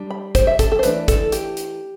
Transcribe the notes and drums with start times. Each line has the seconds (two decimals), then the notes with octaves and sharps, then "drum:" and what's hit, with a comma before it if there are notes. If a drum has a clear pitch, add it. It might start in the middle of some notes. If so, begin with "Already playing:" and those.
Already playing: G3 D4
0.11 B5
0.35 C5, drum: kick, hi-hat
0.47 E5
0.59 A4, drum: kick, hi-hat
0.72 A4
0.79 C5
0.83 E3 A3 D4 B4, drum: hi-hat
1.08 A4, drum: kick, hi-hat
1.32 G4, drum: hi-hat
1.57 drum: hi-hat